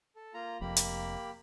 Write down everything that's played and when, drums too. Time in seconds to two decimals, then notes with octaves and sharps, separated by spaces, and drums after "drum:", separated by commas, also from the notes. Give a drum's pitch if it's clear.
0.16 A4
0.34 A#3 F4 A#5
0.61 F1 F2 A#3 G4 B5
0.76 drum: hi-hat